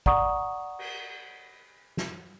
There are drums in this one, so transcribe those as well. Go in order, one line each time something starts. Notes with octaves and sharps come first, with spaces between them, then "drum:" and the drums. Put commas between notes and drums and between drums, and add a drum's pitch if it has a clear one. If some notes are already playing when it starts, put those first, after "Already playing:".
D5 F#5 A#5 C#6 D#6, drum: kick
drum: cymbal
drum: snare